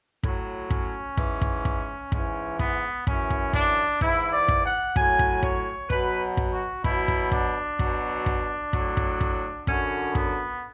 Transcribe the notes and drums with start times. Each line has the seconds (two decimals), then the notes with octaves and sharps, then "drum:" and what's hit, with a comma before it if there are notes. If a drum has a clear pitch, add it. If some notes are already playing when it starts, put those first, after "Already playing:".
0.23 A2 F#3, drum: kick
0.70 C#4, drum: kick
1.17 G#2 E3, drum: kick
1.41 drum: kick
1.65 drum: kick
2.12 G#2 E3 C#4, drum: kick
2.59 B3, drum: kick
3.07 F#2 E3 C#4, drum: kick
3.30 drum: kick
3.53 D4, drum: kick
4.01 G#2 E3 E4, drum: kick
4.32 D5
4.48 drum: kick
4.65 F#5
4.96 A2 F#3 G#5, drum: kick
5.19 drum: kick
5.43 C#5, drum: kick
5.90 B2 F#3 B4, drum: kick
6.37 drum: kick
6.53 F#4
6.84 B2 F#3 E4, drum: kick
7.08 drum: kick
7.32 D4, drum: kick
7.79 B2 F#3, drum: kick
8.26 drum: kick
8.73 A2 F#3, drum: kick
8.97 drum: kick
9.21 drum: kick
9.67 F#2 D3 F#3 C#4, drum: kick
10.15 B3, drum: kick